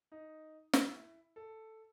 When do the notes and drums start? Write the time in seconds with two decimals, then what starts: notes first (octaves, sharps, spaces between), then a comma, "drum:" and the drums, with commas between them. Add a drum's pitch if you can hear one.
0.12 D#4
0.73 E4, drum: snare
1.36 A4